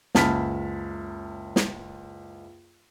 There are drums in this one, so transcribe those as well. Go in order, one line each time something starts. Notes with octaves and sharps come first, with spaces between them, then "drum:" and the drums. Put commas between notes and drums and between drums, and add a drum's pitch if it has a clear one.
F#1 C#2 A5 B5 F6 B6, drum: snare
drum: snare